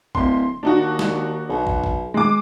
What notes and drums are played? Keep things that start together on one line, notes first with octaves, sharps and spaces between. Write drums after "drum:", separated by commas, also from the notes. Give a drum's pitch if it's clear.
D1 C6, drum: kick
D#2 D4 D#4 F#4
drum: snare
B1
drum: kick
drum: kick
G#3 D6